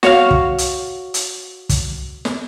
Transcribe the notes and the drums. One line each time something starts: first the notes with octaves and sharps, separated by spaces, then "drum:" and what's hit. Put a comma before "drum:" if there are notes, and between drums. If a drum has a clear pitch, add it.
F#4 C#5 F5, drum: snare
drum: kick
drum: hi-hat
drum: hi-hat
drum: kick, hi-hat
drum: snare